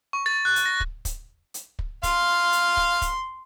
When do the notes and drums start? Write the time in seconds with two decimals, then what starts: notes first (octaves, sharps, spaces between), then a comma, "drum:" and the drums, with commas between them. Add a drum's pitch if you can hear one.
0.13 C#6
0.26 A6
0.45 F#6
0.56 drum: hi-hat
0.66 A#6
0.80 drum: kick
1.05 drum: kick, hi-hat
1.54 drum: hi-hat
1.79 drum: kick
2.03 F5 C6, drum: kick, hi-hat
2.52 drum: hi-hat
2.77 drum: kick
3.02 drum: kick, hi-hat